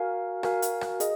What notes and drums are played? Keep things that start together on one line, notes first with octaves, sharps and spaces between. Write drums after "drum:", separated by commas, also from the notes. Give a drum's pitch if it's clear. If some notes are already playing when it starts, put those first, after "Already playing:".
Already playing: F#4 A#4 F5 G#5
F#4 A#4 F5 G#5, drum: rim click
drum: hi-hat
drum: rim click
G#4 D#5, drum: hi-hat